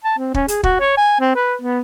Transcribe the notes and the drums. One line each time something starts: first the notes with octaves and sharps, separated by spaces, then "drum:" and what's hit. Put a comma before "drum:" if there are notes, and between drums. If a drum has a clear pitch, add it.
A5
C4
C#4, drum: kick
G#4, drum: hi-hat
F#4, drum: kick
C#5
G#5
C4
B4
B3